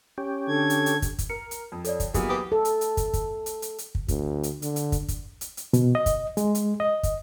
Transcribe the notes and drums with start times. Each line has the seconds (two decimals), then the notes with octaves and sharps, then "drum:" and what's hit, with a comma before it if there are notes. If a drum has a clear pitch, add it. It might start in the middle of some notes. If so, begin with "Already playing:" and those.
0.18 C#4 G4
0.48 D3 A4 G#6
0.70 drum: hi-hat
0.86 drum: hi-hat
1.02 drum: kick, hi-hat
1.19 drum: kick, hi-hat
1.30 A#4 C#7
1.51 drum: hi-hat
1.72 F2
1.85 A4 C#5 D5, drum: hi-hat
2.00 drum: kick, hi-hat
2.14 E3 F#3 A#3 B3 G4 G#4, drum: kick, hi-hat
2.29 G4 B4 B5 D#6
2.52 A4
2.65 drum: hi-hat
2.81 drum: hi-hat
2.97 drum: kick, hi-hat
3.13 drum: kick, hi-hat
3.46 drum: hi-hat
3.62 drum: hi-hat
3.78 drum: hi-hat
3.95 drum: kick
4.08 D2, drum: kick, hi-hat
4.43 drum: hi-hat
4.62 D3, drum: hi-hat
4.76 drum: hi-hat
4.92 drum: kick, hi-hat
5.08 drum: kick, hi-hat
5.41 drum: hi-hat
5.57 drum: hi-hat
5.73 B2, drum: hi-hat
5.95 D#5
6.06 drum: kick, hi-hat
6.37 G#3, drum: hi-hat
6.55 drum: hi-hat
6.80 D#5
7.03 drum: kick, hi-hat